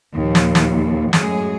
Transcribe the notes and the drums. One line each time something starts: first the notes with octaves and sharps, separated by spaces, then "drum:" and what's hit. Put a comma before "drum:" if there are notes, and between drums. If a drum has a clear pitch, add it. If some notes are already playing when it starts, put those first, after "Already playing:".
D#2 A#2 F3
drum: snare
drum: snare
F#2 A2 F#3 G#3 G#4, drum: snare